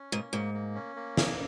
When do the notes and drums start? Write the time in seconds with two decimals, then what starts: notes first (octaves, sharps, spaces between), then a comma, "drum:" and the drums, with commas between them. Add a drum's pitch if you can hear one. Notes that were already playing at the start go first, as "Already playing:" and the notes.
Already playing: C#4
0.12 G#2 A#3
0.33 G#2 A#3
0.54 A#3
0.75 C#4
0.96 A#3
1.17 G#4, drum: snare